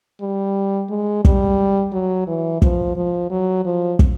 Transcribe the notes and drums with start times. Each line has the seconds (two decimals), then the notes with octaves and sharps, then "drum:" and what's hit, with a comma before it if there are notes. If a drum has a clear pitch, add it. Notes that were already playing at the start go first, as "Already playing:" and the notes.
0.21 G3
0.90 G#3
1.25 G3, drum: kick
1.92 F#3
2.27 E3
2.62 F3, drum: kick
2.96 F3
3.30 F#3
3.65 F3
3.99 drum: kick